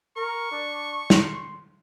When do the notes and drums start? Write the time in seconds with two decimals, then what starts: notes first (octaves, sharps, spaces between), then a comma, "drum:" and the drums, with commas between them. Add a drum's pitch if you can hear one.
0.16 A#4 C#6
0.51 D4
1.10 C6, drum: snare